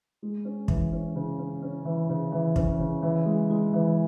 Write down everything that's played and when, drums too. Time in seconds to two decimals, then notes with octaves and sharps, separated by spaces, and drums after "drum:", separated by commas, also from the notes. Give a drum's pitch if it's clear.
0.23 G#3
0.45 C#4
0.68 E3, drum: kick
0.92 C#4
1.16 C#3
1.39 C#4
1.62 C#4
1.85 E3
2.09 C#3
2.32 E3
2.56 C#4, drum: kick
2.80 C#3
3.03 E3
3.26 G#3
3.50 G#3
3.74 E3